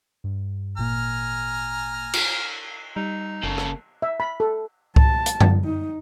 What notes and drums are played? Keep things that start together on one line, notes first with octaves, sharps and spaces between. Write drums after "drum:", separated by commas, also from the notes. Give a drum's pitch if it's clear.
G2
G#1 A#2 A#3 G#5 A#5 F6
drum: cymbal
G3 D#4
F#1 C#3 A#3 A4
drum: rim click
E5
B5
A4
A5, drum: kick C2
drum: hi-hat
drum: tom F#2
D#4